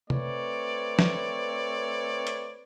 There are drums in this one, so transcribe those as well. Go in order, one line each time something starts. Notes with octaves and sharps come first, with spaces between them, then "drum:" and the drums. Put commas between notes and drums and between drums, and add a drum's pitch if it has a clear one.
A3 C4 B4 C#5 D5, drum: tom C3
drum: snare
drum: hi-hat